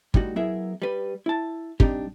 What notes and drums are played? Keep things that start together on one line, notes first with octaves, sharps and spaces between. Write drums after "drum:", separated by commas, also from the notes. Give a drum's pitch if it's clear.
A2 G3 D#4 F#4, drum: kick
F#3 B3 E4 G#4 A#4 E5
G3 B4
E4 A5
G3 C4 D4 D#4 G4, drum: kick